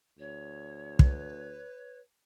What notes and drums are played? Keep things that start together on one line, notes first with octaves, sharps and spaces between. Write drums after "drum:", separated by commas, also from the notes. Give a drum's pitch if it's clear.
D2 C#5
B4, drum: kick